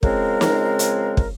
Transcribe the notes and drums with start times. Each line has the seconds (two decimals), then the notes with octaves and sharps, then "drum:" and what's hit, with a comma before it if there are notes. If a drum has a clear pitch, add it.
0.03 C#3 F3 G#3 C4 A#4, drum: kick
0.41 drum: snare
0.79 drum: hi-hat
1.17 drum: kick